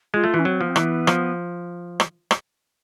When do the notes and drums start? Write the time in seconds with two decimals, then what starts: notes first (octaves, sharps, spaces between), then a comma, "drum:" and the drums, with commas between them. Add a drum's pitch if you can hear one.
0.14 G#3 F4
0.24 A3
0.34 E3
0.39 C#4
0.45 F#3 C4
0.60 F3 B3
0.69 C4
0.76 E3 B3, drum: rim click
1.07 F3, drum: rim click
2.00 drum: rim click
2.31 drum: rim click